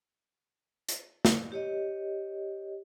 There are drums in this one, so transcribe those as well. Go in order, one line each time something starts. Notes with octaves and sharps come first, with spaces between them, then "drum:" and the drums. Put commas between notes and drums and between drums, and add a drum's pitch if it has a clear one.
drum: hi-hat
drum: snare
G4 C#5 D#5